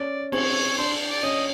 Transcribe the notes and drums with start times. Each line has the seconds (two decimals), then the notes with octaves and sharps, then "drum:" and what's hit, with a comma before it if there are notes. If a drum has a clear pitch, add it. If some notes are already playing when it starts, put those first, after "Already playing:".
Already playing: C#4 D5
0.32 C4 C#5, drum: cymbal
0.78 D4 C5
1.09 D5
1.23 C#4 D#5